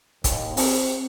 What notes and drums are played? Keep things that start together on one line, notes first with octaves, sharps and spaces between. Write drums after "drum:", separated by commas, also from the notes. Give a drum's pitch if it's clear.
D#2, drum: kick, hi-hat
C4, drum: open hi-hat